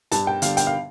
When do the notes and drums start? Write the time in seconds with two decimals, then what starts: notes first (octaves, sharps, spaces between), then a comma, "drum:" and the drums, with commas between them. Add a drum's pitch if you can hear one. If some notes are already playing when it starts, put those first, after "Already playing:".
0.12 G2 A5, drum: hi-hat
0.27 G5
0.42 D3 G3 F5, drum: hi-hat
0.57 G5, drum: hi-hat
0.67 F5